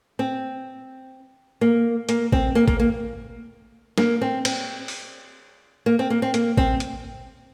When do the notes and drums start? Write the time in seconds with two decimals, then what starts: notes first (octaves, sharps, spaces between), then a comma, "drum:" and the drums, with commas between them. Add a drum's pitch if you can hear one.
0.19 C4
1.61 A#3
2.09 A#3, drum: hi-hat
2.32 C4, drum: kick A1
2.55 A#3
2.68 A#3, drum: kick A1
2.80 A#3
3.98 A#3, drum: snare
4.21 C4
4.45 C4, drum: cymbal
4.88 drum: open hi-hat
5.86 A#3
5.99 C4
6.10 A#3
6.22 C4
6.34 A#3, drum: hi-hat
6.57 C4, drum: kick A1
6.80 drum: hi-hat